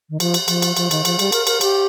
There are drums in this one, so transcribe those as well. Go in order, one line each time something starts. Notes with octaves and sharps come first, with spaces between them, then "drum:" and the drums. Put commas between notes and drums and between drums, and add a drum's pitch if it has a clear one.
D#3
F3, drum: cymbal
drum: cymbal
F3, drum: cymbal
drum: cymbal
F3, drum: cymbal
D#3, drum: cymbal
F3, drum: cymbal
G3, drum: cymbal
A#4, drum: cymbal
A#4, drum: cymbal
G4, drum: cymbal